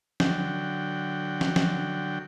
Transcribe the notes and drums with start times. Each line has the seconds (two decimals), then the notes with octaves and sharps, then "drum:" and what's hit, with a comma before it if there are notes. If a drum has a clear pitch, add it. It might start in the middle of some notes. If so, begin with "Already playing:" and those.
0.20 D3 F#3 G5, drum: snare
1.41 drum: snare
1.56 drum: snare